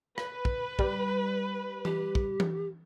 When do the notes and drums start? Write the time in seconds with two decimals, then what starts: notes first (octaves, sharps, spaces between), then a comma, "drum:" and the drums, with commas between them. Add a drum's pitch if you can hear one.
0.18 B4, drum: rim click
0.45 drum: kick
0.79 G3, drum: kick
1.85 G4, drum: tom E3
2.15 drum: kick
2.40 drum: tom E3